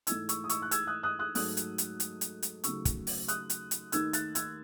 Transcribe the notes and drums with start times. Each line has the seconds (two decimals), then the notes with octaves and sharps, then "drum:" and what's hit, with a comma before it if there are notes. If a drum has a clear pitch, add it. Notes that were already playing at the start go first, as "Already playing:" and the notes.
0.07 G#2 E3 A3 E6 G#6, drum: hi-hat
0.29 C#6 E6, drum: hi-hat
0.44 D#6
0.49 C#6 E6, drum: hi-hat
0.62 F#6
0.71 E6 G#6, drum: hi-hat
0.87 D#6 F#6
1.03 D#6 F#6
1.19 D#6 F#6
1.35 G#2 F#3 A3 D#6 F#6, drum: open hi-hat
1.57 drum: hi-hat
1.78 drum: hi-hat
2.00 drum: hi-hat
2.21 drum: hi-hat
2.43 drum: hi-hat
2.64 D#2 C#3 F#3 A3 C#6 E6, drum: hi-hat
2.85 drum: kick, hi-hat
3.07 drum: open hi-hat
3.28 D#6 F#6, drum: hi-hat
3.50 drum: hi-hat
3.71 drum: hi-hat
3.92 D#2 D#3 A3 E6 G#6, drum: hi-hat
4.13 F#6 A6, drum: hi-hat
4.35 E6 G#6, drum: hi-hat